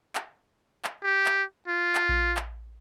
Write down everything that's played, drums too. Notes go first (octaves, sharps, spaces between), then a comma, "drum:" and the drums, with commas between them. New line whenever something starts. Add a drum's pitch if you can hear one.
drum: clap
drum: clap
G4
drum: clap
F4
drum: clap
drum: kick A#1
drum: clap